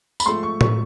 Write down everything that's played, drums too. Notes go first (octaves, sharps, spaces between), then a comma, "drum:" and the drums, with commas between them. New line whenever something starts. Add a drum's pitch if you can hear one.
B5, drum: tambourine
G#2 F3 A3 C6
C#6
C#6, drum: tom A2